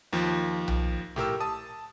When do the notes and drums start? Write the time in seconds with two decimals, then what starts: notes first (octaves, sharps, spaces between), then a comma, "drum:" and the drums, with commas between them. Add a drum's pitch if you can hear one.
0.13 D#2 F3
0.68 drum: tom B1
1.16 A2 G4 A#4 E6, drum: snare
1.40 A5 D#6